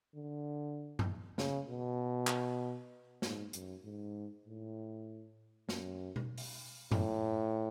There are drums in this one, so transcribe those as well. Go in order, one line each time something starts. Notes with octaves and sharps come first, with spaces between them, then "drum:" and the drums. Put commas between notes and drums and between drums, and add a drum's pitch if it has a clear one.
D3
drum: tom F#2
C#3, drum: snare
B2
drum: clap
G#2, drum: snare
F#2, drum: hi-hat
G#2
A2
F#2, drum: snare
drum: tom B2
drum: open hi-hat
A2, drum: tom F#2